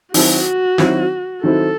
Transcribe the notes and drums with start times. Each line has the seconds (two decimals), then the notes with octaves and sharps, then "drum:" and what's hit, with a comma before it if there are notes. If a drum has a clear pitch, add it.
0.14 D#3 F#3 C4 E4 F#4, drum: open hi-hat
0.78 D#3 F#3 C4 E4, drum: snare
1.43 D#3 F#3 C4 E4 A4